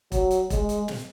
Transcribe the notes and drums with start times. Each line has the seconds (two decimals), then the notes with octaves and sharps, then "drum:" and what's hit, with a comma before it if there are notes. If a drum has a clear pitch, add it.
0.12 F#3, drum: kick E1, hi-hat
0.31 drum: hi-hat
0.50 G#3, drum: kick E1, hi-hat
0.69 drum: hi-hat
0.88 drum: snare